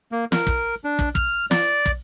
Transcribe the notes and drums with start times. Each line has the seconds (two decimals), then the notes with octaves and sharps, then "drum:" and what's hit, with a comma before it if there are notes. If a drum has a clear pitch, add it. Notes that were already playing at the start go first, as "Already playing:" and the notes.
0.12 A#3
0.32 A#4, drum: snare
0.47 drum: kick
0.84 D4
0.99 drum: kick
1.15 F6, drum: kick
1.51 D5, drum: snare
1.86 drum: kick